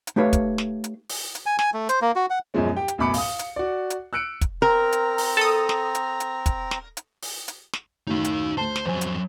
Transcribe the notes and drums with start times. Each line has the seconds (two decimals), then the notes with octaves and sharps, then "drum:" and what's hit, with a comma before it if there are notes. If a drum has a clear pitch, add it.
0.07 drum: hi-hat
0.16 A3 D#4 G4 B4 C#5 F5
0.33 drum: kick, hi-hat
0.58 drum: snare
0.84 drum: hi-hat
1.09 drum: open hi-hat
1.35 drum: hi-hat
1.46 G#5
1.59 G#5, drum: snare
1.74 A3
1.89 C5, drum: hi-hat
2.02 A#3
2.16 F#4
2.30 F#5
2.54 F#2 B2 F3 G#3 C#4
2.77 G4 G5
2.88 drum: hi-hat
2.98 A1 F#2 B2 B5 D6 C#7
3.14 F5 D#6, drum: open hi-hat
3.39 drum: hi-hat
3.56 F#4 D5
3.90 drum: hi-hat
4.13 E6 F#6 C#7 D7
4.41 drum: kick, hi-hat
4.62 C4 A#4 A#5
4.92 drum: hi-hat
5.18 drum: open hi-hat
5.37 A4 D#6
5.69 drum: snare
5.95 drum: hi-hat
6.20 drum: hi-hat
6.46 drum: kick, hi-hat
6.71 drum: snare
6.97 drum: hi-hat
7.22 drum: open hi-hat
7.48 drum: hi-hat
7.73 drum: snare
8.07 F#2 A2 D#3 D#4 F5
8.25 drum: hi-hat
8.58 D2 C5 A5
8.76 drum: snare
8.86 F2 F#3 C5 G#5
9.01 drum: hi-hat